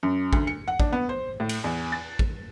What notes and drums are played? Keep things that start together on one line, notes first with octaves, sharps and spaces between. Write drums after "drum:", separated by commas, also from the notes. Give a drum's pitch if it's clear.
F#2
D2, drum: kick
C#7
F#5
D4, drum: kick
B3
C5
A2
drum: cymbal
E2
A6
drum: kick